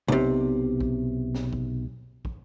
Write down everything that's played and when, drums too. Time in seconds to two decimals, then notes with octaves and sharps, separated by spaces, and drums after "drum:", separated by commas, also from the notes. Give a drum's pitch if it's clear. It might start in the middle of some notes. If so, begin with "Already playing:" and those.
0.08 B1 C3, drum: kick
0.81 drum: kick
1.35 drum: snare
1.53 drum: kick
2.25 drum: kick